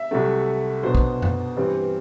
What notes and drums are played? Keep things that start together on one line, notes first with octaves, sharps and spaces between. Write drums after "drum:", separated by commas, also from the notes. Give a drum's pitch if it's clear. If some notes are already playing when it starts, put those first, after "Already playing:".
Already playing: E5
C2 C3 F#3 A3
B1 B2 F#3 B3 D4 C5
drum: kick
drum: tom F#2
G2 E3 G3 C4